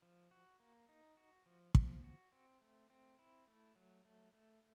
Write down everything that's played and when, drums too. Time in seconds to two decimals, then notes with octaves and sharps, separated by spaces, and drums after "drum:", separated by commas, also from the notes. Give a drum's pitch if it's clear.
0.02 F3
0.31 F#4
0.60 A#3
0.89 D#4
1.17 F#4
1.46 F3
1.75 F3, drum: kick
2.04 F#4
2.32 C4
2.61 A3
2.90 C4
3.19 E4
3.47 A3
3.76 F#3
4.05 A3
4.33 A3